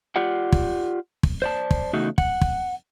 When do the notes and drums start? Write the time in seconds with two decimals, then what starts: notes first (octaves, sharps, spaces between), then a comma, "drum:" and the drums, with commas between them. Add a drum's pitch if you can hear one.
0.16 F4 G4 D5 F#5
0.52 drum: kick
1.23 drum: kick
1.42 C5 D5 A5
1.71 drum: kick
1.93 E2 C#3 A3 D#4 F#4
2.18 F#5, drum: kick
2.41 drum: kick